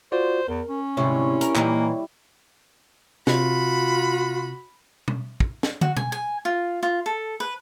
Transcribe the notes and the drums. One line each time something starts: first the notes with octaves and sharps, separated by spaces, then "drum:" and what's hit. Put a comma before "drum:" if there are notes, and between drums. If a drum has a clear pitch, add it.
F4 F#4 C5 D5
E2 A#4
C#4
D2 G#2 C3 E4 G4 C#5 C#6
A#4, drum: hi-hat
A#2 E3 G3 A#3 D#4, drum: clap
C3 F4 F#4 B5, drum: snare
drum: tom B2
drum: kick
drum: snare
F#4, drum: tom
G#5, drum: tom B2
G#5
F4
F4
A4
B4